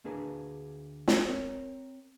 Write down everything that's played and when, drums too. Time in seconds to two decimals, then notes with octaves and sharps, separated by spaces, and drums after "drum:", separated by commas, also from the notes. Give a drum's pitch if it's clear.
0.04 D2 A#3 D4 G#4 B4
1.08 drum: snare
1.26 C4 A#4 C#5